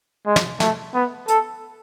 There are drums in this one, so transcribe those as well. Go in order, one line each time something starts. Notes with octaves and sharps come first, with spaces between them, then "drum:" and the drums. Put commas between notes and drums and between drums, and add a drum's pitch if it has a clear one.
G#3
drum: snare
A3, drum: snare
B3
A4, drum: hi-hat